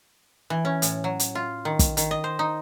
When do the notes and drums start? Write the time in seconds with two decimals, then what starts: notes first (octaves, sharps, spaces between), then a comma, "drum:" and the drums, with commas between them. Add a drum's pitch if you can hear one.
0.50 E3
0.65 C#4
0.82 A2, drum: hi-hat
1.04 F#3
1.19 drum: hi-hat
1.35 F4
1.65 D#3
1.79 drum: kick, hi-hat
1.97 D#3, drum: hi-hat
2.11 D#5
2.24 C5
2.39 D#4